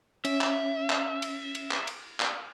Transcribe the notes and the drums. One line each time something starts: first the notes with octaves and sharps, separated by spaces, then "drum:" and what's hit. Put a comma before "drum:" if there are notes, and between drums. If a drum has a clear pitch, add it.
C#4 E5, drum: cymbal
drum: clap
drum: clap
drum: cymbal
drum: cymbal
drum: clap
drum: cymbal
drum: clap